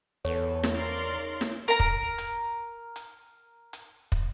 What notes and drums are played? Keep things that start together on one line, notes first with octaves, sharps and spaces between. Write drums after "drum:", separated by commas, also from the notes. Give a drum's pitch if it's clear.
E2 B3 A4 C#5
drum: snare
C#3 F3 C#4 A#4 D5 C6
C#3 D#4
drum: snare
A#4 A#5
drum: kick
drum: hi-hat
drum: hi-hat
drum: hi-hat
drum: kick